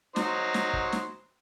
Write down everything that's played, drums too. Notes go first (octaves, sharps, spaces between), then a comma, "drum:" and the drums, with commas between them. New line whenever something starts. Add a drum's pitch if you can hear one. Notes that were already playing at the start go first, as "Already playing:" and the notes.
F#3 D#4 C5, drum: snare
drum: snare
drum: kick
drum: snare